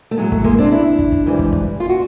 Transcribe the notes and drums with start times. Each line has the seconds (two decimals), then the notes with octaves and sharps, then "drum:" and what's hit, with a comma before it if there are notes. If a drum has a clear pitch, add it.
0.11 A3
0.17 A2 F#3 G#3
0.32 A3, drum: kick
0.44 G#3 A#3, drum: kick
0.58 C4 D4
0.71 D4 E4
0.99 drum: kick
1.12 drum: kick
1.26 G#2 E3 G3
1.39 drum: kick
1.53 drum: kick
1.80 F4
1.89 F#4